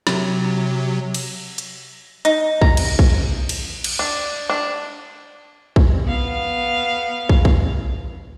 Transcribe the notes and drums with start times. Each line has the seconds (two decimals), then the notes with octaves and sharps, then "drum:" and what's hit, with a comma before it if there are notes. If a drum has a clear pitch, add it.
0.07 C3 F#3, drum: snare
1.14 drum: cymbal
1.58 drum: hi-hat
2.25 D#4, drum: hi-hat
2.61 A#5, drum: kick
2.77 drum: cymbal
2.99 drum: kick
3.49 drum: cymbal
3.84 drum: cymbal
3.99 D4
4.50 D4
5.76 drum: kick
6.05 B3 F5
7.29 drum: kick
7.45 drum: kick